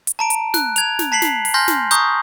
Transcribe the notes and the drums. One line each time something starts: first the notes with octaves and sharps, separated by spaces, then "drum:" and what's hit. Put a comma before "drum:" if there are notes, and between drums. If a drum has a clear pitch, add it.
drum: hi-hat
A5 A#5 D7
drum: hi-hat
F#6, drum: snare
G#6 F7, drum: hi-hat
drum: snare
A5 B6 C7 F#7
drum: snare
drum: open hi-hat
G#5 C6 F6 G6 A#6
drum: snare
A#5 C#6 D#6 G6, drum: hi-hat